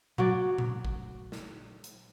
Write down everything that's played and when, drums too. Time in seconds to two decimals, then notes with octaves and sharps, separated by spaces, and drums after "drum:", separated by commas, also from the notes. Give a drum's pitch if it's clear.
0.18 F#3 F#4 D5, drum: tom A#2
0.58 drum: tom A#2
0.85 drum: kick
1.32 drum: snare
1.84 drum: hi-hat